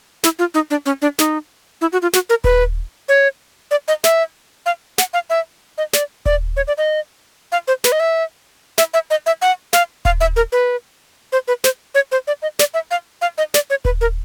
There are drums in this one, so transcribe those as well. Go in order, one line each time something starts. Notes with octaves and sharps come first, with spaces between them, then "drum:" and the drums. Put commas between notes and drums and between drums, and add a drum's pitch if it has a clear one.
E4, drum: snare
F4
D#4
D4
C#4
D4
D#4, drum: snare
E4
F#4
F4
F#4, drum: snare
A#4
B4, drum: kick D#1
C#5
D5
D#5
E5, drum: snare
F5
F#5, drum: snare
F5
E5
D#5
D5, drum: snare
D5, drum: kick D#1
C#5
D5
D#5
F5
C5
B4, drum: snare
D#5
E5
E5, drum: snare
E5
D#5
E5
F#5
F5, drum: snare
F5, drum: kick D#1
E5
A#4
B4
C5
B4
C5, drum: snare
C#5
C5
D5
D#5
D5, drum: snare
E5
F5
F5
D#5
D5, drum: snare
C#5
B4, drum: kick D#1
A#4